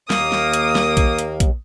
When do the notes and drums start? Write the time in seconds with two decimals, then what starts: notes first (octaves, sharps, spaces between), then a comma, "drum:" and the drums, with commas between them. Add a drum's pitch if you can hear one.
0.10 D#2 A#3 D#6, drum: snare
0.32 drum: snare
0.53 drum: hi-hat
0.75 drum: snare
0.97 drum: kick A#1, hi-hat
1.19 drum: hi-hat
1.40 drum: kick A#1, hi-hat